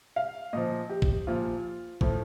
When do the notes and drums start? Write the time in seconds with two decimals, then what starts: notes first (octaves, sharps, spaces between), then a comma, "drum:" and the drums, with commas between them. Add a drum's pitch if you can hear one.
0.16 F5
0.53 A#2 F3 D#5
0.90 G4
1.02 drum: kick
1.27 A#2 F3 F4
2.01 A2 F3, drum: kick